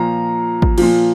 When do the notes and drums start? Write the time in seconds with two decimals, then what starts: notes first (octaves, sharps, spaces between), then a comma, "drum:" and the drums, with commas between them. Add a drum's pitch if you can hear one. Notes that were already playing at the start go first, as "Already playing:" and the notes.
Already playing: A#2 F3 A#5
0.62 drum: kick G#1
0.78 A#2 F3, drum: cymbal